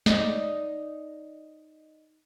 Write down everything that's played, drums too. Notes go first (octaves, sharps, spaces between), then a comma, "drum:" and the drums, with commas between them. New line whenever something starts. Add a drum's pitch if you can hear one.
D#4 D5, drum: snare